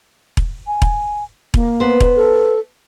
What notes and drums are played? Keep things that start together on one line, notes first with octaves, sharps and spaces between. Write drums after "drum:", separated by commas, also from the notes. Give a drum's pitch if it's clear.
drum: kick E1
G#5
drum: kick E1
A#3, drum: kick E1
B3 C5
drum: kick E1
A4